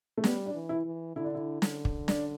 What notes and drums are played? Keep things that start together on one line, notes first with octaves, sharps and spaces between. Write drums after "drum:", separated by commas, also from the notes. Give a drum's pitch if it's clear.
A3
G3 B3, drum: snare
D4
E3
E4
E3
D3 E4
D4
E4
D3, drum: snare
drum: kick
D4, drum: snare